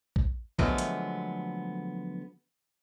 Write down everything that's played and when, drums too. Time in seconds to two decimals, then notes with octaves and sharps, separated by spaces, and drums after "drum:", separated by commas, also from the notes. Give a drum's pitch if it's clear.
0.16 drum: kick
0.59 D3 F3 F#3 G#3 A3 B3, drum: kick
0.78 drum: hi-hat